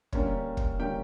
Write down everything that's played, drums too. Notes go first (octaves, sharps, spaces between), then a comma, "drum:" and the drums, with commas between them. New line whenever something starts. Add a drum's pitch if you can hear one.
D3 G3 A#3 C#4, drum: kick
drum: kick
D3 G3 A#3 C#4 G4 G5